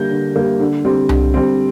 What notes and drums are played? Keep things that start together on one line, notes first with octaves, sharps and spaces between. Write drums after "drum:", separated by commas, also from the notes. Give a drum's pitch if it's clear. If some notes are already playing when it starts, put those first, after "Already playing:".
Already playing: D3 G3 A#3 G6 A#6
D3
G3 A#3
D3
G3 C4
D3, drum: tom C2
G3 C4